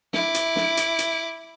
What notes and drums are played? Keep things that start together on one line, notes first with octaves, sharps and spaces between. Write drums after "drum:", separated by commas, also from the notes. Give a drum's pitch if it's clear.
E4 D6, drum: snare
drum: hi-hat
drum: snare
drum: hi-hat
drum: hi-hat